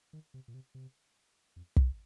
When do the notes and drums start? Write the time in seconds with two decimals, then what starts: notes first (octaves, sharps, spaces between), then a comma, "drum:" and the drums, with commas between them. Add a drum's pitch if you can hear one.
0.13 D#3
0.34 C3
0.48 A#2
0.54 C3
0.75 C3
1.56 F2
1.76 G#2, drum: kick